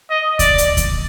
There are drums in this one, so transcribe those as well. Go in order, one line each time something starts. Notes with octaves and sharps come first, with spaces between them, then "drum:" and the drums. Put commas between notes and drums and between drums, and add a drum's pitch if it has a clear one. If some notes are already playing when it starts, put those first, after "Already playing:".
D#5
D5, drum: kick D2, hi-hat
drum: hi-hat
drum: kick D2, hi-hat